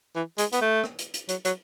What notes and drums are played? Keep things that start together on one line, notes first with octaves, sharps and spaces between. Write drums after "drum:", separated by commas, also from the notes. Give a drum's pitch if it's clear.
E3
G#3, drum: hi-hat
B3, drum: hi-hat
A3
drum: rim click
drum: hi-hat
drum: hi-hat
F#3, drum: hi-hat
F#3, drum: hi-hat